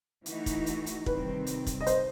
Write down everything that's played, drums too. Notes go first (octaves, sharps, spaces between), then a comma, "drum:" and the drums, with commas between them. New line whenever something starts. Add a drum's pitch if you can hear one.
E3 A3 D#4 F#4, drum: hi-hat
drum: kick, hi-hat
drum: hi-hat
drum: hi-hat
C3 D#3 G3 C4 B4, drum: kick
drum: hi-hat
drum: kick, hi-hat
D#5
C5, drum: hi-hat